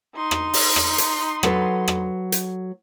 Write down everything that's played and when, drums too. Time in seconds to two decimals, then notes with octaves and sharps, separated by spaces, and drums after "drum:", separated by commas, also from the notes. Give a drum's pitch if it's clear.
0.15 D#4 C6
0.31 drum: rim click
0.53 drum: open hi-hat
0.76 drum: rim click
0.98 drum: hi-hat
1.43 F#3 A4 B4, drum: rim click
1.88 drum: rim click
2.32 drum: hi-hat